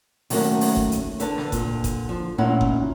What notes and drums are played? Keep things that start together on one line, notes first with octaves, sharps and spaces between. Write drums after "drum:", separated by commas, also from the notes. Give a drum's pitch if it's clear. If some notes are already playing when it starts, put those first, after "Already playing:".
D#3 F#3 A3 A#3 C#4 F#4, drum: open hi-hat
drum: open hi-hat
drum: kick F#1
drum: hi-hat
D3 B4 A5, drum: hi-hat
drum: snare
A#2 D3, drum: kick F#1, hi-hat
drum: kick F#1, hi-hat
F3
D2 A#2 C#4 D#4 E4 F#5
drum: kick F#1